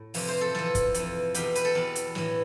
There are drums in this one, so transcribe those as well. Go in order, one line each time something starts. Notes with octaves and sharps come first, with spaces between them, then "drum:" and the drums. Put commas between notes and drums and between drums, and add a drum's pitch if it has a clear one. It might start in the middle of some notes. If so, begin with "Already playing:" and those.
Already playing: A2
F2 C3 E3, drum: open hi-hat
C5
A4
F2 E3 A4, drum: snare
drum: kick, hi-hat
F2 E3, drum: hi-hat
E2 B2 G4, drum: hi-hat
B4, drum: hi-hat
A4
E2 B2
drum: hi-hat
A2 E3, drum: snare